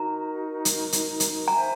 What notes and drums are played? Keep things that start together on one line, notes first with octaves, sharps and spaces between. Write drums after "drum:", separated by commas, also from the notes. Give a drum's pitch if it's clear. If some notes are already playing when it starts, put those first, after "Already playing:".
Already playing: D#4 F#4 A#4 A#5
drum: hi-hat
drum: hi-hat
drum: hi-hat
C5 E5 G#5 A#5